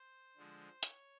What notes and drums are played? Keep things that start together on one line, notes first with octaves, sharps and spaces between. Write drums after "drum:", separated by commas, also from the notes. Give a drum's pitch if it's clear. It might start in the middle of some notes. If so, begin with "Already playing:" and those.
Already playing: C5
D3 F3 G#3
C#5, drum: hi-hat